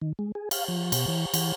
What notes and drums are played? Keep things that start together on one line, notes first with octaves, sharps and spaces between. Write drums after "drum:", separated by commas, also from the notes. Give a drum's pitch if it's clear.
D#3
G#3
G#4
F5, drum: cymbal
F3
B2, drum: cymbal
E3
E3, drum: cymbal